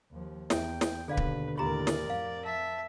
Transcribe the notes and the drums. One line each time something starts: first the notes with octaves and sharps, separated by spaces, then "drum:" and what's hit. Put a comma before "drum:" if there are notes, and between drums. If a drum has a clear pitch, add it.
D#2 F3
E2 E5 G5, drum: snare
drum: snare
D#2 B2 D3 G#4 B4 D5 F5
drum: kick D1
D#2 A2 F4 G4 A#4 D5 A#5
drum: snare
F2 F5
E5 A5